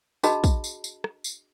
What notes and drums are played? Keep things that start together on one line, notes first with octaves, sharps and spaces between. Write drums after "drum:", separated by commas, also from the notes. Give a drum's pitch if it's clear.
D4 F#4 G#4 D#5 A5 B5, drum: tambourine
drum: kick, tambourine
drum: tambourine
drum: tambourine
drum: rim click
drum: tambourine